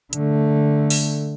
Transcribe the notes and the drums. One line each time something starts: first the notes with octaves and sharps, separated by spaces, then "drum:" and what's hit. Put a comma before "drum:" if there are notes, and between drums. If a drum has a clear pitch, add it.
D3 A3, drum: hi-hat
drum: open hi-hat